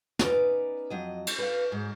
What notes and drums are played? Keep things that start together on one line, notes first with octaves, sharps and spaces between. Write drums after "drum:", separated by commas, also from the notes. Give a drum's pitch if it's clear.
B3 C#4 D#4 B4 D5, drum: snare
F2 F#3 D#5
drum: cymbal
B4 F5
G#2